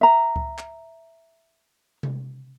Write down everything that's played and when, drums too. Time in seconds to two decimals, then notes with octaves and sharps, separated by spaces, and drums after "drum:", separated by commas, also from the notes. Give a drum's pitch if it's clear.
0.01 E5 A#5
0.36 drum: kick C#2
0.58 drum: clap
2.03 drum: tom C3